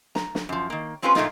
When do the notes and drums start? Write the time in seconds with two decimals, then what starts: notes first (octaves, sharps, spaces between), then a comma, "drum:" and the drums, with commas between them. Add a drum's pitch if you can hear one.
0.15 A#5, drum: snare
0.35 drum: snare
0.49 F#2 F3
0.70 D#3 A#3
1.02 G#3 C4 C#4 F4 G4 B4
1.15 A#2 A3 A#3 D#4 F4, drum: snare